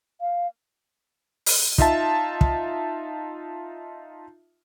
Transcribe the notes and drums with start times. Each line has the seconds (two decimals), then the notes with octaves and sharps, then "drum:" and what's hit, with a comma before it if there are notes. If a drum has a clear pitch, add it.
0.21 F5
1.46 drum: open hi-hat
1.78 D#4 F4 E5 A5, drum: kick
2.41 drum: kick